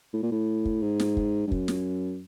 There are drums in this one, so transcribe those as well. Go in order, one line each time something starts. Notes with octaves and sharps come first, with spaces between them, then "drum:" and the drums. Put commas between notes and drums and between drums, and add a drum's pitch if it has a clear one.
A2
A#2
A2
drum: kick
G#2
drum: snare
drum: kick
G2
F#2, drum: kick
drum: snare